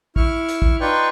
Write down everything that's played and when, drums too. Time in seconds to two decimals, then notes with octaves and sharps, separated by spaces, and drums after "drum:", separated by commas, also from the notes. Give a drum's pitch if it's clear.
0.16 E4 C#6 F6, drum: kick
0.49 drum: hi-hat
0.62 drum: kick
0.81 D#4 F4 B4 D5 G5 C#6